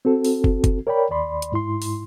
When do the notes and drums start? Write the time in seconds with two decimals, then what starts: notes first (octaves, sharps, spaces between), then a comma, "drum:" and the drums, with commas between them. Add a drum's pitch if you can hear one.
0.05 C4 F#4 A4
0.24 drum: open hi-hat
0.44 drum: kick
0.64 drum: kick, hi-hat
0.87 A#4 C#5 D5 G5 B5
1.11 D#2 D5 B5 C6
1.42 drum: hi-hat
1.52 G#2 E4 C6
1.82 drum: open hi-hat